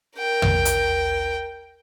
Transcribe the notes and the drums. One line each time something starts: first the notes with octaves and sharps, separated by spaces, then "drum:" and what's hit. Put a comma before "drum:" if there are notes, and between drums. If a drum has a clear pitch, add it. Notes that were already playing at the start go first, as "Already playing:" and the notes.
A#4 G5
drum: tom
drum: hi-hat